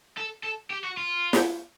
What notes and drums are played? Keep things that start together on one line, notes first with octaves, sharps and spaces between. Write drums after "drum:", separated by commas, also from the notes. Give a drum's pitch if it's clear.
A4
A4
G4
F#4
F4
drum: snare